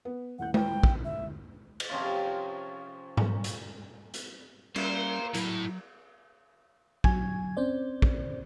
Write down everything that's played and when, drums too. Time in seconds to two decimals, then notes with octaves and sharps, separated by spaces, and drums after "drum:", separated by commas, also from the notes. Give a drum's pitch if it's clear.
0.05 B3
0.39 D#1 A2 F#5 G6
0.54 G5, drum: tom G#3
0.83 drum: kick
1.05 E5
1.80 drum: cymbal
1.90 C3 F3 C#4 F4
3.17 drum: tom G#2
3.44 drum: hi-hat
4.14 drum: hi-hat
4.76 G3 A#3 C#4 C5 E5 F5, drum: cymbal
5.34 A2 F#3 E4, drum: hi-hat
7.04 F#3 G#5 G#6, drum: kick
7.57 C4 C#4 C5 D5
8.02 drum: kick